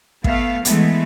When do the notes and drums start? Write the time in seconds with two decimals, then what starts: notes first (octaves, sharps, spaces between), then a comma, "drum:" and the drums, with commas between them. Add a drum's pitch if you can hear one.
0.24 A3 B3 F5, drum: kick
0.65 E3 G#3 A3 B3, drum: hi-hat